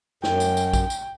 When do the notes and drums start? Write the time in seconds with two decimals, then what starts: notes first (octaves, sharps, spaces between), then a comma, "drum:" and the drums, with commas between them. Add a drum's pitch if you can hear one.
0.23 F#2 G5, drum: snare
0.40 drum: tambourine
0.57 drum: tambourine
0.73 drum: kick A#1, tambourine
0.90 drum: tambourine